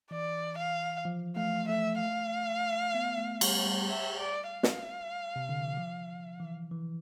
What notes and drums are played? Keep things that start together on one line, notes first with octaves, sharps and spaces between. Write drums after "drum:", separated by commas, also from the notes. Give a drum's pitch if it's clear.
E3 D5
F5
F3
A3 F5
A3 E5
F5
B3
A3
G3, drum: cymbal
G3
E5
D5
F5
drum: snare
C3
D3
E3
F3
E3
E3